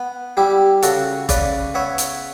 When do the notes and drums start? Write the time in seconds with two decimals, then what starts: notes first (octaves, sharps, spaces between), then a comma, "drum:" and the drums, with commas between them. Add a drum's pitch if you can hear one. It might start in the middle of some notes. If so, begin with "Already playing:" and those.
Already playing: B3
0.37 G3 E4 G4
0.83 C#3 F#4 A4, drum: hi-hat
1.29 C#3 B4 D5, drum: kick F#1, hi-hat
1.74 B3 C#5 E5
1.98 drum: hi-hat